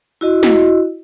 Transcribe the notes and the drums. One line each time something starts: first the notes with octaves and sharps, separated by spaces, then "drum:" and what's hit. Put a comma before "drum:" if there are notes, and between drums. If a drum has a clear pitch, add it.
E4 F#4 D#5
drum: snare